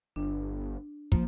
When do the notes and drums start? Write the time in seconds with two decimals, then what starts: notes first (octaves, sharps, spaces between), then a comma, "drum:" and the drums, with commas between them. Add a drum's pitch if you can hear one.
0.16 G1 D4
1.12 F3 A#3, drum: kick